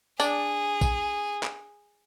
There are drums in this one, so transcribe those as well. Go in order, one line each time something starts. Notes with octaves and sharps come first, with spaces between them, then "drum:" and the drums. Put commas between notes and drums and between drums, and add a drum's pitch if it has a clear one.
D4 G#4, drum: tambourine
drum: kick, tambourine
drum: clap